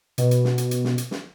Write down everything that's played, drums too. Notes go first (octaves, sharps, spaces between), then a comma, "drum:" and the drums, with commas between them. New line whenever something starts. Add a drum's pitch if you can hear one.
B2, drum: hi-hat
drum: hi-hat
drum: snare
drum: hi-hat
drum: hi-hat
drum: snare
drum: hi-hat
drum: snare